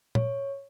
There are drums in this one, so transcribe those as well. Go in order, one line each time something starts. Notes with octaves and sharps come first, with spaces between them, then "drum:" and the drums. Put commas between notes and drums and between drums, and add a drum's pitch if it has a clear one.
C#5, drum: tom A#2